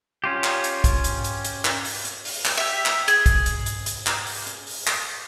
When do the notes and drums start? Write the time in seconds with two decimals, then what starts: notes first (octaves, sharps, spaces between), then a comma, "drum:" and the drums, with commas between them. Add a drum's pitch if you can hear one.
0.24 C#4 F4 G4
0.44 drum: clap
0.64 drum: hi-hat
0.84 drum: kick, hi-hat
1.04 drum: hi-hat
1.24 drum: hi-hat
1.44 drum: hi-hat
1.65 drum: clap
1.85 drum: open hi-hat
2.05 drum: hi-hat
2.25 drum: open hi-hat
2.45 drum: clap
2.57 G4 E5
2.86 drum: clap
3.08 G#4, drum: hi-hat
3.26 drum: kick, hi-hat
3.46 drum: hi-hat
3.66 drum: hi-hat
3.86 drum: hi-hat
4.06 drum: clap
4.27 drum: open hi-hat
4.47 drum: hi-hat
4.67 drum: open hi-hat
4.87 drum: clap